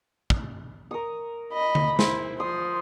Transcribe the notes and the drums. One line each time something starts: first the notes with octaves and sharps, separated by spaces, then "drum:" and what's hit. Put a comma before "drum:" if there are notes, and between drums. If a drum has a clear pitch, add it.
drum: kick
A#4 C#6 D#6
D#5 B5
drum: tom D3
E4 C5, drum: snare
F3 C6 D#6